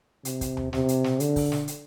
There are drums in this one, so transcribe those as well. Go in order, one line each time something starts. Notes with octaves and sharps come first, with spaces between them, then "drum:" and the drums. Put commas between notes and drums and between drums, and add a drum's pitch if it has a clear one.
C3, drum: hi-hat
drum: kick, hi-hat
drum: tom D#2
C3, drum: snare
drum: hi-hat
drum: snare
D3, drum: hi-hat
drum: kick, open hi-hat
drum: snare
drum: hi-hat